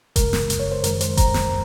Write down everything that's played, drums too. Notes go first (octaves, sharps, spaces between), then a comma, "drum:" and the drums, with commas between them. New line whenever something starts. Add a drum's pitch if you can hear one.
F#2 C#3 G#3 A#4, drum: kick F1, hi-hat
drum: snare
drum: hi-hat
C#5
C5
F#2 D#3 G#3 A#4, drum: hi-hat
C5, drum: hi-hat
A#5, drum: kick F1, hi-hat
drum: snare